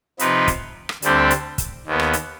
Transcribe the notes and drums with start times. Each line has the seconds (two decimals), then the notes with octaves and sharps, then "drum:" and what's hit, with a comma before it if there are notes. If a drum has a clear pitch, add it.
0.19 C3 F3 C4 D#4 B4, drum: hi-hat
0.48 drum: kick, hi-hat
0.89 drum: rim click
1.02 D2 D3 G3 C4 G4, drum: hi-hat
1.30 drum: hi-hat
1.58 drum: kick, hi-hat
1.86 D#2 D#3 B3
1.99 drum: rim click
2.13 drum: hi-hat